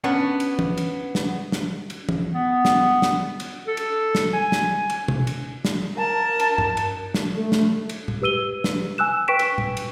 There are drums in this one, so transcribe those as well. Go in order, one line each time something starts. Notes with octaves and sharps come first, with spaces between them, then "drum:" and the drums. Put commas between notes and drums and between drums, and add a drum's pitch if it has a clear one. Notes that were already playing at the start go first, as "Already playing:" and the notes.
B3 C#4 D4
drum: cymbal
drum: tom
drum: cymbal
drum: snare
drum: snare
drum: cymbal
drum: tom
B3
drum: snare
drum: snare
drum: cymbal
A4
drum: cymbal
drum: snare
G#5
drum: snare
drum: cymbal
drum: tom
drum: cymbal
drum: snare
A#4 A5
drum: cymbal
drum: tom
drum: cymbal
drum: snare
A3
drum: snare
drum: cymbal
drum: tom
G4 B4 E6 D#7 G7
drum: snare
G#5 E6 F#6 E7
B4 G5 C#6 B6 D7 E7
drum: cymbal
drum: tom
drum: cymbal